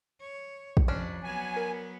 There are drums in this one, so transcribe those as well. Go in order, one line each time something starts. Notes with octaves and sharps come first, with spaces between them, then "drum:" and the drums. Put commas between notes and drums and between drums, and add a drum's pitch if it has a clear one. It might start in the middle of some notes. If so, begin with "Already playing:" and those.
C#5
drum: kick
F2 C3 C#4 D4
F#3 B3 G#5
A#4